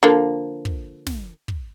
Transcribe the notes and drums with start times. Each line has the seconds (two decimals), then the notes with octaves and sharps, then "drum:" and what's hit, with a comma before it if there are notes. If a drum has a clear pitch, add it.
0.03 D3 F3 A#3
0.65 drum: kick
1.07 drum: snare
1.48 drum: kick